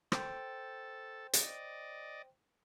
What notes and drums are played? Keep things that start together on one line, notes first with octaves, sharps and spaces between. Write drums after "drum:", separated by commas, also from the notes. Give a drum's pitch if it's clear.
A4 C5 G5, drum: rim click
D5 D#5, drum: hi-hat